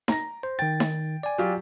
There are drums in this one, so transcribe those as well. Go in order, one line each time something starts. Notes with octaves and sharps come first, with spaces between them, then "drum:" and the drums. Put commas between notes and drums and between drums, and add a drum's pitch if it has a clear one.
A#5 A#6, drum: snare D#4
C5
D#3 G5 A6
drum: snare D#4
D5 G#5
F#3 F4 G4